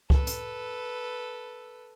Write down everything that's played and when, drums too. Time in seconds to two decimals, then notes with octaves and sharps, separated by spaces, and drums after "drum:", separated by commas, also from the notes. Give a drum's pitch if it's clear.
0.10 A4 B4, drum: kick
0.27 drum: hi-hat